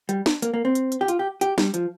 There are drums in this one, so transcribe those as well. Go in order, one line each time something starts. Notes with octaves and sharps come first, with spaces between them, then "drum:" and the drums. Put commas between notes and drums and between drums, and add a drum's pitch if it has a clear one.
G3, drum: hi-hat
drum: snare
A#3, drum: hi-hat
A#3
C4
drum: hi-hat
drum: hi-hat
G4
F4, drum: hi-hat
G4
G4, drum: hi-hat
G3, drum: snare
F3, drum: hi-hat